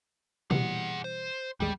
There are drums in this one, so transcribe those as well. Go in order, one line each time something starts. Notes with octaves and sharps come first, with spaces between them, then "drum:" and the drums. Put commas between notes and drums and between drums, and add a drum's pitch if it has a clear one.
B2 E3 G3 G#4 F#5, drum: tom
C5
A1 D#2 G3 G#3